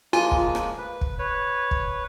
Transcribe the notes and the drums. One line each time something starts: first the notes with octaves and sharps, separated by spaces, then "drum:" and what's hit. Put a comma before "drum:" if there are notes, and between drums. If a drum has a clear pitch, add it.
F3 G#3 A#3 F4 G#5
drum: kick
drum: rim click
B4
drum: kick
B4 C#5
drum: kick